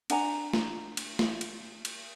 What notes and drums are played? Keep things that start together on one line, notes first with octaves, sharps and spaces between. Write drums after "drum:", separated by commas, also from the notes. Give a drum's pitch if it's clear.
D4 F#5 G#5 A#5, drum: cymbal
drum: snare
drum: cymbal
drum: snare
drum: cymbal
drum: cymbal